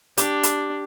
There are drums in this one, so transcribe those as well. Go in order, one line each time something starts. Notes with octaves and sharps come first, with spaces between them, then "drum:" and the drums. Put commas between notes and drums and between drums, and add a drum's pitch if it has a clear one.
D4 G4, drum: hi-hat
drum: hi-hat